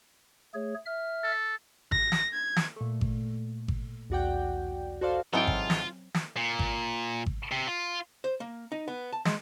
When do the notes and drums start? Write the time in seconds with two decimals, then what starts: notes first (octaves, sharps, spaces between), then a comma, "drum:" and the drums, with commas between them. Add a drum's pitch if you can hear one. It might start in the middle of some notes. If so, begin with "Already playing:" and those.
0.54 A3 G#4 C#5
0.86 E5 F6
1.23 A4
1.92 A#6, drum: kick G#1
2.12 drum: snare
2.33 G#6
2.56 drum: snare
2.76 A#2 A3
3.01 drum: kick G#1
3.68 drum: kick G#1
4.10 B1 E2 F#4 D5 F#5 G5
5.01 F#4 A4 C5 D5 F5
5.33 G#2 E3 F#3 G#3 C4 F4 A4 G5
5.47 drum: kick G#1
5.70 drum: snare
6.14 drum: snare
6.37 A#2
6.59 drum: kick G#1
7.26 drum: kick G#1
7.52 C3
7.67 F4
8.24 C5
8.40 A#3
8.72 D#4
8.88 B3
9.13 A5
9.25 G#3, drum: snare